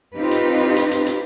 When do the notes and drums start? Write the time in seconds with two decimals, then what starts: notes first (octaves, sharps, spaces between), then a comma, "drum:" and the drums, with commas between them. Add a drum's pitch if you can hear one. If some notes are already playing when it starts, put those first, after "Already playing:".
0.16 C4 D#4 F4 G4 B4
0.31 drum: hi-hat
0.76 drum: hi-hat
0.91 drum: hi-hat
1.06 drum: hi-hat